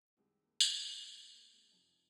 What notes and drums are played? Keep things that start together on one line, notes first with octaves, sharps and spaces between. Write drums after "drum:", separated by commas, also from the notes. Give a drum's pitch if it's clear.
C2 C3 D#3 G#3 C4
A#3
A#3, drum: tambourine
G#3
A#3
A#3
A#3
G#3 C4
F2 C3 F3 C4 D#4